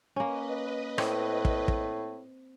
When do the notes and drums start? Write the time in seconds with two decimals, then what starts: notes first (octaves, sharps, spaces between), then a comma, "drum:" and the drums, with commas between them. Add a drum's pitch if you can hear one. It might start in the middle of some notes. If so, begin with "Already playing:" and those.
0.16 A#3 C#4 B4 D#5
0.98 A2 C4, drum: rim click
1.45 drum: kick
1.68 drum: kick